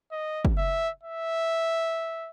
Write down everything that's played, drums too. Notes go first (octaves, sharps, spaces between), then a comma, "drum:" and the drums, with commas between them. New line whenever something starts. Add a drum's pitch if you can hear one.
D#5
drum: kick
E5
E5